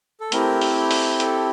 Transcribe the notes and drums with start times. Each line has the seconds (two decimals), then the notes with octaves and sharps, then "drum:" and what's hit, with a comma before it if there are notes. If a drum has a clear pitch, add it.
0.20 A4
0.32 A3 C4 E4 G4 A#4, drum: hi-hat
0.61 drum: open hi-hat
0.91 drum: open hi-hat
1.20 A4, drum: hi-hat